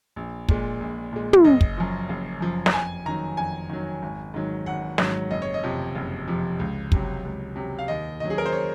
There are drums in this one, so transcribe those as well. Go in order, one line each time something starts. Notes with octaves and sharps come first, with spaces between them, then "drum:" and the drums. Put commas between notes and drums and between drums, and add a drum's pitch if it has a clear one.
A#1
A#2 G#3, drum: kick
A#1
A#2 G#3
drum: tom
F#1 D#5
drum: kick
F#2 F3
F#1
F#2 F3
A#5, drum: snare
F2 G#5
D#3 F#3 A#5
F2 G#5
D#3 F#3
G#1
G#2 D#3 F#3
G#1 F#5
G#2 D#3 F#3, drum: snare
F#1 D#5
C#5
D#5
F2 C3 F3
F#1
F2 C3 F3
C#2
C3 F#3, drum: kick
C#2
C3 F#3
F5
D#2 D#5
D#3 F#3 D#5
G#4
A#4
C5
C#5